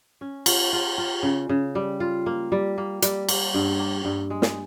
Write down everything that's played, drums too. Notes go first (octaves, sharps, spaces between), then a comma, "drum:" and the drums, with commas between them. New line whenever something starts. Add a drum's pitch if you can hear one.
C#4
F4, drum: cymbal
F4
F4
C#3
C#3
G3
F4
A#3
G3
A#3
G3, drum: hi-hat
A#3, drum: cymbal
G2
A#3
G2
G#3
drum: snare